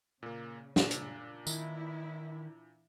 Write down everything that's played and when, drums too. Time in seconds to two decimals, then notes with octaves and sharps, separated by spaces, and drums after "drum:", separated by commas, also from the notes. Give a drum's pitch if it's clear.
0.23 A#2 C#3 A#3
0.76 A#2 D4, drum: snare
0.91 drum: hi-hat
1.47 D#3 E3 E4, drum: tambourine